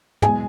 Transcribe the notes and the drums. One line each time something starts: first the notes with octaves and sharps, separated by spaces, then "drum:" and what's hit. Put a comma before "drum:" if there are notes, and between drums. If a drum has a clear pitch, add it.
E2 B2 G#3 G#4 G#5, drum: tom